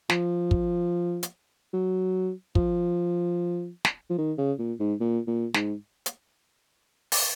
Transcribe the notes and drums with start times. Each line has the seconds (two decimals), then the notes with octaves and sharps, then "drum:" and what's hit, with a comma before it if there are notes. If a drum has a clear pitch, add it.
0.09 F3, drum: snare
0.51 drum: kick
1.23 drum: hi-hat
1.73 F#3
2.55 F3, drum: kick
3.85 drum: snare
4.10 F3
4.18 D#3
4.38 C#3
4.58 A#2
4.80 G#2
5.00 A#2
5.27 A#2
5.54 G#2, drum: snare
6.06 drum: hi-hat
7.12 drum: open hi-hat